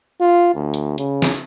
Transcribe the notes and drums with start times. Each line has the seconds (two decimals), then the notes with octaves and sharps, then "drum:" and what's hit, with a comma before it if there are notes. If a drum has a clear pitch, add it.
0.20 F4
0.55 D2
0.74 drum: hi-hat
0.98 C#3, drum: hi-hat
1.22 drum: snare